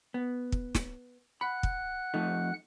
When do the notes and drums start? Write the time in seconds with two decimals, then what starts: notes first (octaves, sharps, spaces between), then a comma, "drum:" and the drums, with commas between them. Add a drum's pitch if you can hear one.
0.14 B3
0.52 drum: kick
0.75 drum: snare
1.41 F#5 B5 F#6
1.63 drum: kick
2.14 F2 A3 D#4